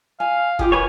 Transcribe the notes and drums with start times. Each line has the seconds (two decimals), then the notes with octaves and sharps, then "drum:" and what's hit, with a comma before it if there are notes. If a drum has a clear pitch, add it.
0.20 F5 G#5
0.59 F4 G4 G#4, drum: kick
0.72 A#4 B4 C#5 G#5